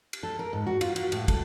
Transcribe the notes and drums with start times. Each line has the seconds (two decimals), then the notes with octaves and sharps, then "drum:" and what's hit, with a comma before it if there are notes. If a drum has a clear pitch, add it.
0.13 drum: cymbal
0.23 A4
0.39 A#4
0.53 G#2
0.67 F#4
0.81 F4, drum: cymbal
0.96 F#4, drum: cymbal
1.12 A2, drum: cymbal
1.28 A4, drum: kick, cymbal